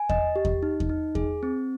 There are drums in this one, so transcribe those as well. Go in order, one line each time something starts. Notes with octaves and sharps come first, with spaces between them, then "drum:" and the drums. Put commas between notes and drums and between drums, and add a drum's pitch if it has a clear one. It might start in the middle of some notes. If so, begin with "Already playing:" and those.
Already playing: G#5
D#5, drum: kick E2
G4
drum: kick E2
D#4
drum: kick E2
D#4
G#4, drum: kick E2
C4